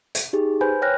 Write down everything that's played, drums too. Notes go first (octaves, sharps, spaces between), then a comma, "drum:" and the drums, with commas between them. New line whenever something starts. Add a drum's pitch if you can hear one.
drum: hi-hat
D#4 G4 G#4
B4 C5 G#5 B5 G6
C#5 G5 F6 F#6 A#6